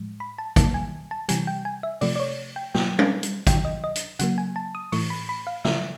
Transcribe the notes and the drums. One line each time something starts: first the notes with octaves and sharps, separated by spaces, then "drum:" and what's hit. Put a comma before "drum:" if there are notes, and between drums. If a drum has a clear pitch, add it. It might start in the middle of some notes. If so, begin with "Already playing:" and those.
Already playing: A2 F3 G#3
B5
A5
D#3 G3 A#3 A5, drum: kick, hi-hat
G#5
A5
C3 E3 G3 G#5, drum: hi-hat
G5
G#5
E5
C3 F3 A3 D5, drum: open hi-hat
D5
C#5
G5
B2 F#3 A#3 G5, drum: snare
F5, drum: tom G3
drum: hi-hat
C3 D#3 F#3 G5, drum: kick, hi-hat
D#5
D#5
drum: hi-hat
C#3 F#3 A#3 F#5, drum: hi-hat
G#5
A5
D#6
A2 E3 A3 C#6, drum: open hi-hat
B5
B5
F5
C#3 F3 A3 E5, drum: snare